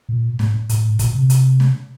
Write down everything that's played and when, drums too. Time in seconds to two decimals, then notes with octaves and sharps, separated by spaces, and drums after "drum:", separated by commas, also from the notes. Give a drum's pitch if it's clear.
0.09 A#2
0.39 A2, drum: snare
0.69 A2, drum: hi-hat
0.99 A#2, drum: kick, hi-hat
1.15 C3
1.30 drum: hi-hat
1.60 drum: snare